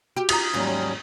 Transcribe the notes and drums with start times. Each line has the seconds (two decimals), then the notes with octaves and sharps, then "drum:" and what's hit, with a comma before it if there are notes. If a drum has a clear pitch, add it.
0.17 F#4 G4
0.29 F4 A#5 D#6, drum: cymbal
0.54 D#2 G#2 F#3 G3 C#4